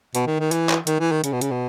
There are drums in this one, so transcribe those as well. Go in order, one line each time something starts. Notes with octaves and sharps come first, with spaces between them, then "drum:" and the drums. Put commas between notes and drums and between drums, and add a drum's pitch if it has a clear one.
B2, drum: hi-hat
D#3
D#3
E3, drum: hi-hat
drum: clap
D#3, drum: hi-hat
E3
D#3
C#3, drum: hi-hat
B2
C#3, drum: hi-hat
B2